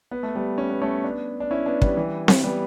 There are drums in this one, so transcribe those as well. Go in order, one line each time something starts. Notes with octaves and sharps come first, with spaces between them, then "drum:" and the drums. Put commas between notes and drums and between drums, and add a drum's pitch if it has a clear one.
B3
A3
G3 B3
C#4
B3
A3 C#4
B3 D4
D4
C#4 E4
B3 D4
G3 B3, drum: kick
E3 G3
drum: snare C4
G3 B3